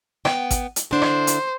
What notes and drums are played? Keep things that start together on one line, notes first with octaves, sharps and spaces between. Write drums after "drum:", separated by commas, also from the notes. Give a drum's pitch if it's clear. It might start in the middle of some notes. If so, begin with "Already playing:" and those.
B3 G5, drum: rim click
drum: kick G#1, hi-hat
drum: hi-hat
D3 D4 E4 C5
drum: rim click
drum: hi-hat